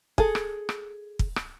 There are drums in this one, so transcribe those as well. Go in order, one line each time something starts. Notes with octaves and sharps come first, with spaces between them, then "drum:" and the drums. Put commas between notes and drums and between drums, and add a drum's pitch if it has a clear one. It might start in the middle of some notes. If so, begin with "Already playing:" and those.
G#4 A4, drum: kick
drum: rim click
drum: rim click
drum: kick
drum: rim click